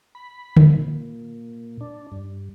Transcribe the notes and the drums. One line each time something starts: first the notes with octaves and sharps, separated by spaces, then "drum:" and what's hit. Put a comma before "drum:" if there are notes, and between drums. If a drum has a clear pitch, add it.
B5
drum: tom D3
A#2
D4
G2